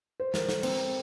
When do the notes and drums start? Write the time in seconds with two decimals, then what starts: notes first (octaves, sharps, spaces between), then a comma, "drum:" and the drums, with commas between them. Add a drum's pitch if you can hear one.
0.20 C5
0.34 A#4, drum: snare
0.49 A4, drum: snare
0.63 C4, drum: cymbal